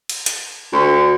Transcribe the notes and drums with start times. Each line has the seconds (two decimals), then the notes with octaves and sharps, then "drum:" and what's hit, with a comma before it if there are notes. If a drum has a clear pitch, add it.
0.09 drum: cymbal
0.26 drum: hi-hat
0.72 D2